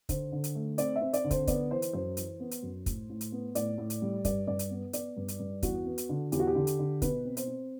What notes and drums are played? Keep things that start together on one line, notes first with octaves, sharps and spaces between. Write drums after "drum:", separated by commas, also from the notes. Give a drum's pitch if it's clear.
D3 C5, drum: kick, hi-hat
D3
drum: hi-hat
A3
C4 D5, drum: hi-hat
E5
C4
D5, drum: hi-hat
D3
C5, drum: kick, hi-hat
B3 D5, drum: kick, hi-hat
E3 C5
drum: hi-hat
F#2 C5
E3, drum: hi-hat
B3
drum: hi-hat
F#2
A2, drum: kick, hi-hat
A2
drum: hi-hat
B3
A2 D5, drum: hi-hat
A2
drum: hi-hat
G3
G2 D5, drum: kick, hi-hat
G2 D5
drum: hi-hat
B3
B3 D5, drum: hi-hat
G2
drum: hi-hat
G2
E2 F#4, drum: kick, hi-hat
B3
drum: hi-hat
D3
E2 G4, drum: hi-hat
F#4
G4
D3
drum: hi-hat
D3
B2 B4, drum: kick, hi-hat
C4
C5, drum: hi-hat
C4